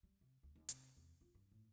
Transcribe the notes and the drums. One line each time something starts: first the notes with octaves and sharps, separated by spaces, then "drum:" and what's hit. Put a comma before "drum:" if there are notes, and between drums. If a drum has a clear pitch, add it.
G3
C3
D2
D#2
C3, drum: hi-hat
E2
F4
G2
A2